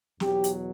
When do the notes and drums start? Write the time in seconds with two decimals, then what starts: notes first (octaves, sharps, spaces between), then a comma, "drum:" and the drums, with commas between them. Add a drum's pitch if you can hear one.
0.20 E2 B2 F#3 G4, drum: snare
0.44 drum: hi-hat